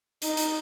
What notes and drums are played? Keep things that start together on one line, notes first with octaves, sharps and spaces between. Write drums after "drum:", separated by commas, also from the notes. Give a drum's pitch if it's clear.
D#4, drum: hi-hat
drum: hi-hat